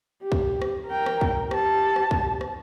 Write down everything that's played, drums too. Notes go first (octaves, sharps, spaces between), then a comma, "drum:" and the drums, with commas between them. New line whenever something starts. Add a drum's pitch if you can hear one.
G4
drum: kick
drum: rim click
A#4 G5
drum: rim click
drum: kick
G4 A5, drum: rim click
drum: rim click
drum: kick
drum: rim click